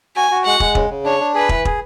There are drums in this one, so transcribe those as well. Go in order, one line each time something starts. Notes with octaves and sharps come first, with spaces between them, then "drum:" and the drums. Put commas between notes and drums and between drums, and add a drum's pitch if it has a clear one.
F#4 G#5
F#4
G#3 F#5
G#3, drum: kick
C#3, drum: kick
C#3
D4 C#5
D4
G#4 B4
E3, drum: kick
G#4, drum: kick